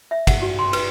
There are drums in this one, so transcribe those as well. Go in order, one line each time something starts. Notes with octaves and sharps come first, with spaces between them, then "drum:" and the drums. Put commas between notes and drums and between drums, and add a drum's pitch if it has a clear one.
E5
F#5, drum: kick, cymbal
F#4
C6
B4, drum: cymbal